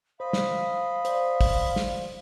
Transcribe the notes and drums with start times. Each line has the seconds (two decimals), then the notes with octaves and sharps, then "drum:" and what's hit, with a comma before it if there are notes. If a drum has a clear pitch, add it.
0.20 C5 D#5 F5 B5
0.33 drum: snare
1.05 C5 D5, drum: hi-hat
1.41 drum: kick, open hi-hat
1.76 drum: snare